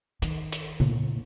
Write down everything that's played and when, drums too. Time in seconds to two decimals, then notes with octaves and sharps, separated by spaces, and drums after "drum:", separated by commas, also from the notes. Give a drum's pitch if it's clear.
0.22 D#3, drum: hi-hat
0.52 drum: hi-hat
0.80 A#2, drum: tom C#3